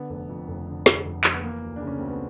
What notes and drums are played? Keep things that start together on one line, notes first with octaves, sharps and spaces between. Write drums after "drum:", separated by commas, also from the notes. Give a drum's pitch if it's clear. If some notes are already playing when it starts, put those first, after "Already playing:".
Already playing: D3 B3
F1
F2
F1
D3
F1, drum: snare
F2
F1, drum: clap
B3
E3 A#3
D2
C#3 D4
C#4
D2 C4
B3